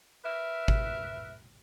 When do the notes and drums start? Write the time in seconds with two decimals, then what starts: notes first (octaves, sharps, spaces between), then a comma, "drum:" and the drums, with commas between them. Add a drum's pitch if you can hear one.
0.25 A#4 B4 E5
0.68 drum: kick G#1